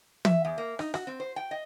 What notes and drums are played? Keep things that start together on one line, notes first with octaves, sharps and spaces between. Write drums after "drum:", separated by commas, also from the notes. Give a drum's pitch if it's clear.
E5, drum: tom
E2
A#3
D#4, drum: rim click
F#4, drum: rim click
C4
C5
G5
D#5